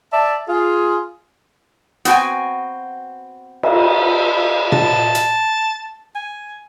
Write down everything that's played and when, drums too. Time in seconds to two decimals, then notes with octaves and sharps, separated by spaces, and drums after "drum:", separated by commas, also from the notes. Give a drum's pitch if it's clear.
0.12 D5 E5 A5
0.48 F4 G#4
2.05 B3 C4 F#4 G5 G#5, drum: hi-hat
3.63 drum: cymbal
3.98 E5
4.72 A5, drum: tom A#2
5.15 drum: hi-hat
6.15 G#5